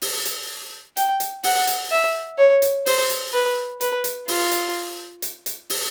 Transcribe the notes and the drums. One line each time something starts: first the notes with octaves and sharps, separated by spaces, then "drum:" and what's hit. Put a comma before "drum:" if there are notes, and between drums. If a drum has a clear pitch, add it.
drum: open hi-hat
drum: hi-hat
G5, drum: hi-hat
drum: hi-hat
F#5, drum: open hi-hat
drum: hi-hat
E5
C#5
drum: hi-hat
C5, drum: open hi-hat
drum: hi-hat
B4
B4, drum: hi-hat
drum: hi-hat
F4, drum: open hi-hat
drum: hi-hat
drum: hi-hat
drum: hi-hat
drum: open hi-hat